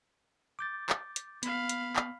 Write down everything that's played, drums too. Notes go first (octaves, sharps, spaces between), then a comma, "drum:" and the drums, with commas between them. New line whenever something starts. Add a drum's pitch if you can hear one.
D6 G6 A6
drum: clap
drum: hi-hat
B3 F5 B5, drum: hi-hat
drum: hi-hat
drum: clap